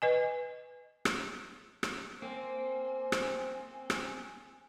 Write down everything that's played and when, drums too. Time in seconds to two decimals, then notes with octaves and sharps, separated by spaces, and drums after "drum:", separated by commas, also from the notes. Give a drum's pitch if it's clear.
0.02 B4 D#5 G#5
1.05 drum: rim click
1.83 drum: rim click
2.22 A#3 C4 C5 G#5
3.12 drum: rim click
3.90 drum: rim click